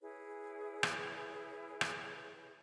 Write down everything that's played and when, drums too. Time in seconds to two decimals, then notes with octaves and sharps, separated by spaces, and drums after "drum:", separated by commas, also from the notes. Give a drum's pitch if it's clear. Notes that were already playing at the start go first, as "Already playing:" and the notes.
0.01 E4 G#4 B4 C#5
0.83 drum: rim click
1.81 drum: rim click